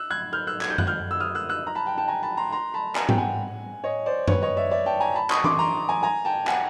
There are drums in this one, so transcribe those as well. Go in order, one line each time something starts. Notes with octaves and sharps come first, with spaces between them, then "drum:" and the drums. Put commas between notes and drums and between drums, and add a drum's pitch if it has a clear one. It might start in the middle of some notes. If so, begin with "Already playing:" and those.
Already playing: E6 F#6
F#6 G#6
F6 G6
E6 F#6
G#6, drum: clap
G6
F#6, drum: tom F#2
F6 G6
E6
D#6 F6
E6 F#6
E6 F#6
A#5
A5 B5
G5 A5
G5 A5
G#5 A#5
A5 B5
A#5 C6
A#5 C6
A5 B5
G#5 A#5, drum: clap
G5, drum: tom G#2
F#5 G#5
C#5 D#5
C5 D5
B4 C#5, drum: tom F#2
C#5 D#5
D5 E5
D5 E5
G5 A5
G#5 A#5
A5 B5
C#6 D#6, drum: clap
C6 D6, drum: tom E3
A#5 C6
G#5 A#5
G#5 A#5
G5 A5
F#5 G#5, drum: clap